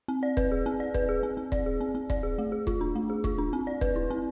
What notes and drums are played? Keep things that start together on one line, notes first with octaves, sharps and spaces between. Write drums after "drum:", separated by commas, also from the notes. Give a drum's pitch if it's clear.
C4
D5
B4, drum: kick
G#4
C4
D5
B4, drum: kick
G#4
C4
C4
D5, drum: kick
G#4
C4
C4
D5, drum: kick
G#4
A3
G#4
F4, drum: kick
D4
A3
G#4
F4, drum: kick
D4
C4
D5
B4, drum: kick
E4
C4